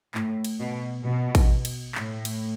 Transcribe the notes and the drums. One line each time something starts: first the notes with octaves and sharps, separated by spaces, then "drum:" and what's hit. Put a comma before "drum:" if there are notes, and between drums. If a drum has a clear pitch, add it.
A2, drum: clap
drum: cymbal
B2
B2
drum: kick A1, cymbal
drum: cymbal
A2, drum: clap
drum: cymbal